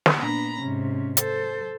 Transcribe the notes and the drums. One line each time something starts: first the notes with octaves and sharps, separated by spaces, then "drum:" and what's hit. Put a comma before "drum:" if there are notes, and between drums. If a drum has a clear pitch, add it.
drum: snare
A#2 B3 D4 A#5 B5
G#2 C3 C#4
A4 C5, drum: hi-hat